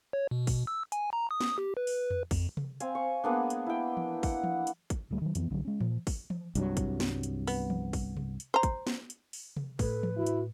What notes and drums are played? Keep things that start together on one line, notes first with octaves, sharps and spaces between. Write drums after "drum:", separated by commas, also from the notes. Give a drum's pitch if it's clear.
C#5
B2
drum: kick, open hi-hat
E6
G#5, drum: hi-hat
A#5
D#6
drum: snare
G4
B4
drum: open hi-hat
drum: tom E2
F2, drum: kick, open hi-hat
drum: tom C3
C4 F5 G#5, drum: hi-hat
C#6
G#3 A#3 B3 D4
drum: hi-hat
E4 G5
drum: tom E3
F#5, drum: kick, open hi-hat
drum: tom E3
drum: hi-hat
drum: kick, hi-hat
D1 D2 G3 A3
D#3 F#3
F2 E3 B3, drum: hi-hat
B1 D3 E3 F#3
G#3 C#4
A#2, drum: tom E3
drum: kick, open hi-hat
drum: tom E3
C2 G2 F#3, drum: hi-hat
drum: kick, hi-hat
drum: snare
drum: hi-hat
B3, drum: open hi-hat
drum: tom E3
drum: kick, open hi-hat
drum: tom C3
drum: hi-hat
C5 A#5
drum: kick, hi-hat
drum: snare
drum: hi-hat
drum: open hi-hat
drum: tom C3
A2 A4 B4, drum: kick, open hi-hat
drum: tom E3
E4 F#4
drum: hi-hat